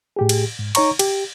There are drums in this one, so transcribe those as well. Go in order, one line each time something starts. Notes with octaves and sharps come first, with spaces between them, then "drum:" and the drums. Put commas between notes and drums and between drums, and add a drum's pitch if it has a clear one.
A2 G4 G#4
drum: cymbal
G#2
D#4 C#5 A#5 C#6, drum: cymbal
G4, drum: cymbal